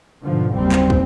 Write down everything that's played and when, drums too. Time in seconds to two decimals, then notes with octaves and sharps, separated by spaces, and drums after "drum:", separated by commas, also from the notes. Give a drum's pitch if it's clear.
0.23 G#2 B2 D3 F3
0.54 F#1 D#2 G3 C4
0.72 drum: clap
0.90 drum: kick